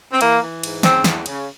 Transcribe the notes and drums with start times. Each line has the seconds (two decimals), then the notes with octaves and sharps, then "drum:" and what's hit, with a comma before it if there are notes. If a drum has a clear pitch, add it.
0.12 C4
0.21 E3 A#3, drum: cymbal
0.41 E3
0.63 G#2, drum: cymbal
0.83 C#3 C4, drum: snare
1.04 E2, drum: snare
1.26 C#3, drum: cymbal